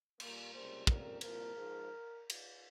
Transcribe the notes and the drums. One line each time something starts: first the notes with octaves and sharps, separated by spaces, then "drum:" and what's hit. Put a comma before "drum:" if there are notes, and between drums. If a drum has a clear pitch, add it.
A#2 G3 A#3, drum: cymbal
C#2 C3 G3 A#3 C5
F2 C#3 G3 A#3 A#4, drum: kick
C2 A#2 F3 A#3 A#4, drum: cymbal
G#2 F3 G#3
drum: cymbal